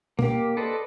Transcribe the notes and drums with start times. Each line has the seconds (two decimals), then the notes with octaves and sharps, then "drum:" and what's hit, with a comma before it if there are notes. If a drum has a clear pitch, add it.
0.19 A#3 G4, drum: tom B2
0.57 A4 B4 C5 D5 D#5